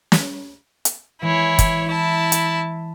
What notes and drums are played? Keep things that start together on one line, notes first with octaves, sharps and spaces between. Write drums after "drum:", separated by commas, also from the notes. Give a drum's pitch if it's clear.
drum: snare
drum: hi-hat
E3 G#3 E4 C#5
drum: kick, hi-hat
E4 A5
drum: hi-hat